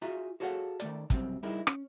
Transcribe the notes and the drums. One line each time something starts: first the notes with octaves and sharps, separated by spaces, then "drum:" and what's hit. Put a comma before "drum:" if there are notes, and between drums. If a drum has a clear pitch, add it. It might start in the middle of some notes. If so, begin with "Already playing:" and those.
F4 F#4 G#4 E5 A#5
F#4 G#4 A4 C#5 F5 F#5
D#3 A3 D5, drum: hi-hat
F#2 C3 G3 C4, drum: kick, hi-hat
G3 D#4 E4 G#4 A#4 D#5
C#4, drum: rim click